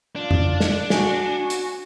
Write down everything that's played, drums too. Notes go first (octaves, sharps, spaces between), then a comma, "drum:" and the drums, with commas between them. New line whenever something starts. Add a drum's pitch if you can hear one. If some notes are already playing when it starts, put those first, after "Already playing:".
D4 F4
drum: tom F2
drum: snare
F#4 G#5, drum: snare
drum: hi-hat